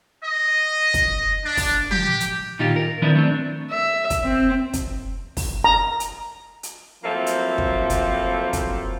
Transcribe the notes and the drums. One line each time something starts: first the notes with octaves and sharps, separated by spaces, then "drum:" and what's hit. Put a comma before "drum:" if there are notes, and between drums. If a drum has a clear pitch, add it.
D#5
drum: kick, hi-hat
D4
drum: kick, open hi-hat
G4, drum: tom
drum: hi-hat
A#2 D#3 D#4 F4 G4
A#4
D#3 F3 C4 D4 E4 B4
A3 C4 D4
E5
drum: kick, hi-hat
C4
drum: kick, hi-hat
drum: kick, open hi-hat
A#5
drum: hi-hat
drum: hi-hat
F3 F#3 A3 A#3 C4 E4
drum: hi-hat
drum: kick
drum: kick, hi-hat
drum: kick, hi-hat